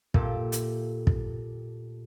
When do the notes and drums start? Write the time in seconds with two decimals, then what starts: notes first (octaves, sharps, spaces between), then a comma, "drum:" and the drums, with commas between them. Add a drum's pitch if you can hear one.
0.14 A#2 A3 G4 A4, drum: kick
0.52 drum: hi-hat
1.07 drum: kick